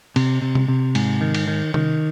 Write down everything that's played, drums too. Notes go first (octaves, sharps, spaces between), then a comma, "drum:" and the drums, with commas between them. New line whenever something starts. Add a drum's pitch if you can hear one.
C3, drum: cymbal
C3
drum: tom C3
C3
G#2, drum: cymbal
D#3
drum: cymbal
D#3
D#3, drum: tom C3